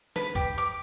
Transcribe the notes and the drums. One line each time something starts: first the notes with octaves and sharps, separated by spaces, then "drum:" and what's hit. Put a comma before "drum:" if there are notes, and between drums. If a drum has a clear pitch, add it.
B4, drum: snare
G4, drum: kick, hi-hat
D6